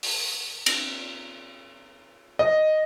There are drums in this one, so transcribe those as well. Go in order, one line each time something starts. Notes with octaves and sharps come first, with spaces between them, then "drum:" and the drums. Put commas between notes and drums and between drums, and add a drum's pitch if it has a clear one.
drum: open hi-hat
drum: cymbal
D#5